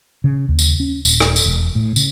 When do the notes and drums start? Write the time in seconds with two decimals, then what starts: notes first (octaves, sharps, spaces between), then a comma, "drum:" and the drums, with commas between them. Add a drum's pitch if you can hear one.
0.24 C#3
0.49 D#2
0.59 drum: tambourine
0.80 C#4
1.05 D#1, drum: tambourine
1.20 drum: rim click
1.36 drum: tambourine
1.46 E1
1.75 A2
1.96 C#3, drum: tambourine